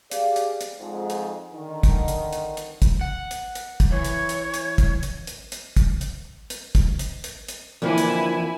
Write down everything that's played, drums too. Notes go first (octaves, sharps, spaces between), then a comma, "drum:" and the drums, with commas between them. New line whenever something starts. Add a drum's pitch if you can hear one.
G4 G#4 D5 F5, drum: hi-hat
drum: hi-hat
drum: hi-hat
F2 G#2
drum: hi-hat
D3 D#3
drum: kick, hi-hat
drum: hi-hat
drum: hi-hat
drum: hi-hat
drum: kick, hi-hat
F#5
drum: hi-hat
drum: hi-hat
drum: kick, hi-hat
E3 C#5
drum: hi-hat
drum: hi-hat
drum: hi-hat
drum: kick, hi-hat
drum: hi-hat
drum: hi-hat
drum: hi-hat
drum: kick, hi-hat
drum: hi-hat
drum: hi-hat
drum: kick, hi-hat
drum: hi-hat
drum: hi-hat
drum: hi-hat
F2 D3 E3 A#3 E4 G#5
drum: hi-hat